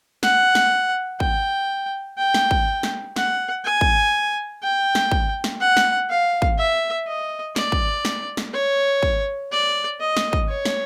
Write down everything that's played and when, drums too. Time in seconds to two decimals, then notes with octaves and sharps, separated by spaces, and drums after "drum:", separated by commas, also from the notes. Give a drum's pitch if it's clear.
0.23 F#5, drum: snare
0.55 drum: snare
1.20 G5, drum: kick
2.18 G5
2.34 drum: snare
2.51 drum: kick
2.83 drum: snare
3.16 F#5, drum: snare
3.65 G#5
3.81 drum: kick
4.63 G5
4.95 drum: snare
5.11 drum: kick
5.44 drum: snare
5.60 F#5
5.77 drum: snare
6.10 F5
6.42 drum: kick
6.58 E5
7.07 D#5
7.56 D5, drum: snare
7.72 drum: kick
8.05 drum: snare
8.37 drum: snare
8.53 C#5
9.03 drum: kick
9.52 D5
10.00 D#5
10.17 drum: snare
10.33 drum: kick
10.49 C#5
10.65 drum: snare